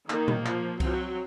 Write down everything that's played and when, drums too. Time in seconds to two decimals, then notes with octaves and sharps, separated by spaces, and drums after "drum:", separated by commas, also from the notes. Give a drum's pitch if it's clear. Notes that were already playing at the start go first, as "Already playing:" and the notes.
0.10 D#3 A#3, drum: clap
0.28 drum: tom A#2
0.46 F3, drum: clap
0.80 F#3 C4, drum: kick C2, cymbal